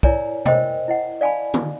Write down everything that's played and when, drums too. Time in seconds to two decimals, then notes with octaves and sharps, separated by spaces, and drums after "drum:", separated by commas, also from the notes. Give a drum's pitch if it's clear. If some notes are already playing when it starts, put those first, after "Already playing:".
0.03 E4 A#4 C#5 D5 G#5 A#5, drum: kick
0.46 A#4 C5 D#5 G5, drum: tom B2
0.88 E4 D#5 F#5
1.21 D5 F5 G#5 A5 B5
1.54 D#4, drum: tom